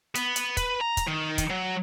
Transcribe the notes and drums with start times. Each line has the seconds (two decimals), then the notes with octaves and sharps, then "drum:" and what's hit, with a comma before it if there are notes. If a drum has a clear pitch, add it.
0.15 B3, drum: hi-hat
0.36 drum: hi-hat
0.57 B4, drum: kick, hi-hat
0.81 A#5
0.97 drum: kick, hi-hat
1.08 D#3
1.38 drum: kick, hi-hat
1.50 F#3